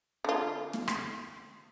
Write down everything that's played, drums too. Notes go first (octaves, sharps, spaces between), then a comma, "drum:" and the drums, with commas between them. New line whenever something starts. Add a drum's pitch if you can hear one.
D3 F4
drum: snare
drum: rim click